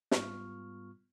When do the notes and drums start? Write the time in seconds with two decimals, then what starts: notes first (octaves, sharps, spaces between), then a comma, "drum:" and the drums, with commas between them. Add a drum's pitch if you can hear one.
0.11 G#2 G3 B3 F4 C#6 F6, drum: snare